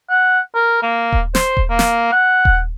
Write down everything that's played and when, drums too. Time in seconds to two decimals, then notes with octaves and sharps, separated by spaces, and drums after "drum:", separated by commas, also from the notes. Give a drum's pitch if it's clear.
0.10 F#5
0.55 A#4
0.82 A#3
1.12 drum: kick D#1
1.35 C5, drum: snare
1.57 drum: kick D#1
1.70 A#3
1.79 drum: snare
2.12 F#5
2.45 drum: kick D#1